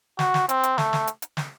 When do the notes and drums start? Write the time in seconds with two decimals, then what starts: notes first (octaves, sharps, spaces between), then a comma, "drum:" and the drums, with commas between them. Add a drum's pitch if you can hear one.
0.19 F#4, drum: snare
0.34 drum: snare
0.49 C4, drum: hi-hat
0.63 drum: hi-hat
0.78 A3, drum: snare
0.93 drum: snare
1.07 drum: hi-hat
1.22 drum: hi-hat
1.37 drum: snare